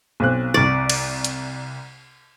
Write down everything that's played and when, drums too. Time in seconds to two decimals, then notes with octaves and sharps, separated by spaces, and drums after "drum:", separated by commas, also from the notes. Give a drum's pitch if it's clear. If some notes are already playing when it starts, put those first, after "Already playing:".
0.20 B1 C4 F#6
0.54 C2 D5 C#6
0.90 drum: cymbal
1.25 drum: hi-hat